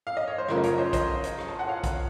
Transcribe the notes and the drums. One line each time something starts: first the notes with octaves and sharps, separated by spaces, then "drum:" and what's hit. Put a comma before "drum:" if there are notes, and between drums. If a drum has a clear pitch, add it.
F5
D#5
C#5
C5
F#1 F#2 C#3 F3 A3 A#4, drum: rim click
D#5
A#4 C#5, drum: hi-hat
C5 D#5
C5 D#5, drum: kick A#1, hi-hat
drum: hi-hat
drum: rim click
A5
F#5
C#5 F5
drum: kick A#1, hi-hat